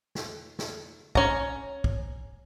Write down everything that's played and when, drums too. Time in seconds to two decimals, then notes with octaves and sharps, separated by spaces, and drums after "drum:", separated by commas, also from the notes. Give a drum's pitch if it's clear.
0.15 drum: snare
0.59 drum: snare
1.15 C#4 A#5, drum: kick
1.84 drum: kick